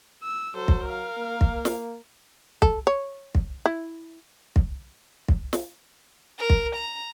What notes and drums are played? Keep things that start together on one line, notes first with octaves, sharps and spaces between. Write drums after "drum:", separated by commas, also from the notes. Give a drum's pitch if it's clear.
E6
F#3 A4 C5
drum: kick
A#4 F5
A#3
drum: kick
drum: snare
A4, drum: kick
C#5
drum: kick
E4
drum: kick
drum: kick
drum: snare
A#4
drum: kick
A#5